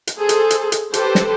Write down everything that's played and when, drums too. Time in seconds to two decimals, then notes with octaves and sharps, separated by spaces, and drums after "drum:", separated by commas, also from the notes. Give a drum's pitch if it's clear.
0.07 drum: hi-hat
0.19 G#4 A4 C5
0.29 drum: hi-hat
0.50 drum: hi-hat
0.72 drum: hi-hat
0.94 G4 A4 B4 C5, drum: hi-hat
1.15 drum: snare